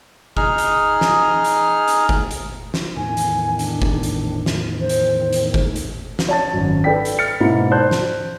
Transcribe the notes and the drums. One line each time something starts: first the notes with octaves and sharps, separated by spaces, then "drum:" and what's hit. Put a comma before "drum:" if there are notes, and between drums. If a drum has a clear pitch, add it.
D#4 G#4 F6, drum: kick F#1
drum: hi-hat
drum: snare
drum: hi-hat
drum: hi-hat
drum: kick F#1
drum: hi-hat
drum: snare
E2 A2 D#3 G#5
drum: hi-hat
D4, drum: hi-hat
drum: kick F#1
drum: hi-hat
drum: snare
C5
drum: hi-hat
drum: hi-hat
drum: kick F#1
drum: hi-hat
drum: snare
C#5 A5 A6
G#1 F#2
A4 B4 D5 G5 B6
drum: hi-hat
F6 A6 C#7
G#2 B2 A#3 E4
C5 D5 A5 F#6 G6
drum: snare